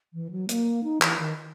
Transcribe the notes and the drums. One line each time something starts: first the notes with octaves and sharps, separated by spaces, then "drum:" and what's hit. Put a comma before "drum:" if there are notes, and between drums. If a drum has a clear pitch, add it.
E3
F#3
A#3, drum: hi-hat
D#4
E3, drum: clap
D#3